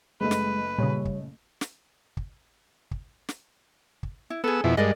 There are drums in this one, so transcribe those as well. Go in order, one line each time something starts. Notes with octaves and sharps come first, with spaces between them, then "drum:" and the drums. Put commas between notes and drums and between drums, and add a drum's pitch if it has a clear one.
F#1 G#3 A3 B4 D#5
drum: snare
A#2 C#3 G3 C#5
drum: kick
drum: snare
drum: kick
drum: kick
drum: snare
drum: kick
E4
B3 G#4 A4 E6
F2 B2 E4
G2 G#3 A#4 D5 D#5